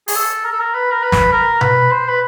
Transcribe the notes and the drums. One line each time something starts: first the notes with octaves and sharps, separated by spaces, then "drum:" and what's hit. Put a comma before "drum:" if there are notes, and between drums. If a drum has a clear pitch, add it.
G#4, drum: open hi-hat
A4
A#4
A4
A#4
B4
A#4
B4
drum: snare
A#4
B4, drum: tom B2
C5
B4